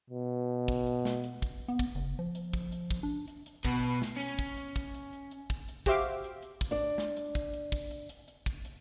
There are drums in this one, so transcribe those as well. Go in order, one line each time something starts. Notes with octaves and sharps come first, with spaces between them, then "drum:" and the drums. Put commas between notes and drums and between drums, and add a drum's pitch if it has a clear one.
B2
drum: kick, hi-hat
drum: hi-hat
drum: snare
drum: hi-hat
drum: kick, hi-hat
B3
drum: kick, hi-hat
F#1, drum: hi-hat
F3
drum: hi-hat
drum: kick, hi-hat
drum: hi-hat
drum: kick, hi-hat
D4
drum: hi-hat
drum: hi-hat
B2 B4, drum: kick, hi-hat
drum: hi-hat
drum: snare
C#4
drum: kick, hi-hat
drum: hi-hat
drum: kick, hi-hat
drum: hi-hat
drum: hi-hat
drum: hi-hat
drum: kick, hi-hat
drum: hi-hat
F#4 G4 C5 E5 F5 D6, drum: kick, hi-hat
drum: hi-hat
drum: hi-hat
drum: kick, hi-hat
D4 D5
drum: snare
drum: hi-hat
drum: kick, hi-hat
drum: hi-hat
drum: kick, hi-hat
drum: hi-hat
drum: hi-hat
drum: hi-hat
drum: kick, hi-hat
drum: hi-hat